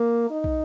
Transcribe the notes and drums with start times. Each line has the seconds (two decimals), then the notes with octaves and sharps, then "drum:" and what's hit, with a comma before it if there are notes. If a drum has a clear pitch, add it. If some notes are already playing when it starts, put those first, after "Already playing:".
Already playing: A#3
0.30 D#4
0.44 drum: kick